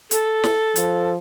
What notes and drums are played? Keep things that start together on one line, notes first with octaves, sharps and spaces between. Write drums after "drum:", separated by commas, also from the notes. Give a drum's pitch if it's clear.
A4, drum: hi-hat
drum: snare
F3, drum: hi-hat